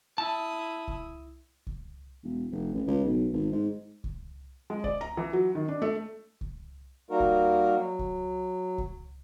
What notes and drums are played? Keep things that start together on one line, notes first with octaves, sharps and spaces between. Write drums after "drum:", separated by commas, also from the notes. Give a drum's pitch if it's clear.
E4 A5 D#6
drum: kick C#2
drum: kick C#2
E1
F1
A1
C#2
B1
G#1
G#2
drum: kick C#2
G#3
D5, drum: kick C#2
A#5
E3
F#3
D#3
D4
A3
drum: kick C#2
G3 A#3 D#4 F#4 A#4
drum: kick C#2
F#3
drum: kick C#2
drum: kick C#2